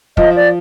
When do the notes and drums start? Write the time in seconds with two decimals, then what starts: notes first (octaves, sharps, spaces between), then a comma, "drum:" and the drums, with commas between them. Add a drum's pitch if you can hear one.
0.17 F3 D#5, drum: kick
0.36 D5